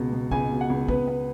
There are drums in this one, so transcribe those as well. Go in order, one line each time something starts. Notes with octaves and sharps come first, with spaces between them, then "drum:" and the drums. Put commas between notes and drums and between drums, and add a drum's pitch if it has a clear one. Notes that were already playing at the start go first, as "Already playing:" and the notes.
Already playing: C#2 B2
B2
C#2 G#5, drum: kick
B2
F#5
C#2
B3 B4, drum: kick
B3